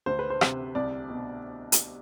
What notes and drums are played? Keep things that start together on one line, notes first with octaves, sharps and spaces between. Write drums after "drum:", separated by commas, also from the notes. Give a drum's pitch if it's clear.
D2 C5
B4
C5
C3, drum: rim click
C2 D5
B2
drum: hi-hat